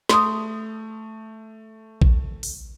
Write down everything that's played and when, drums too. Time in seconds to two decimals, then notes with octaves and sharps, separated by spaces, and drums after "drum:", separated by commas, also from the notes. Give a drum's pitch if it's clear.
0.09 A3 C6 D#6, drum: snare
2.02 drum: kick A#1
2.43 drum: open hi-hat